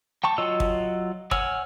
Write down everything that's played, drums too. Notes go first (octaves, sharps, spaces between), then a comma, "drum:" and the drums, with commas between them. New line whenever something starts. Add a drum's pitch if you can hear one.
G5 A5 C#6
F#3 F4 C#5 D#5 E6
drum: kick
C#5 F#5 G#5 E6 F6, drum: kick